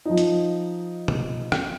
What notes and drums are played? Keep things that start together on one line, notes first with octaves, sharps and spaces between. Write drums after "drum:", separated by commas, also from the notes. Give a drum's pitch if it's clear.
F3 D#4
drum: hi-hat
drum: tom B2
drum: rim click